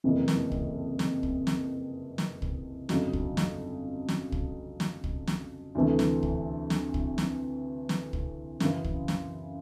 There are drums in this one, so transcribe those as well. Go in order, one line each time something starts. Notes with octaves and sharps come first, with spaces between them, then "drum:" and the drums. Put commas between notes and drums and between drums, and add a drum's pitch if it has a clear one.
F#1 F2 C3 E3
drum: snare
drum: kick
drum: snare
drum: kick
drum: snare
drum: snare
drum: kick
G1 F2 C#3 F#3, drum: snare
drum: kick
drum: snare
drum: snare
drum: kick
drum: snare
drum: kick
drum: snare
D2 C3 E3 A3
drum: snare
drum: kick
drum: snare
drum: kick
drum: snare
drum: snare
drum: kick
F#2 C#3 E3, drum: snare
drum: kick
drum: snare